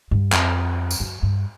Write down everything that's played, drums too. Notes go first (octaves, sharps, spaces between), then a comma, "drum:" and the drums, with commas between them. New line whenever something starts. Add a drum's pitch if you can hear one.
G2
F2, drum: clap
drum: tambourine
F#2
G2